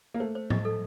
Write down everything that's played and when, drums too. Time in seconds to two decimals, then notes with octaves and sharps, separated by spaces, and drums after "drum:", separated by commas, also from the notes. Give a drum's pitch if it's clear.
0.14 A#3
0.20 A3 C5
0.35 C5
0.50 D#5, drum: tom A2
0.65 A4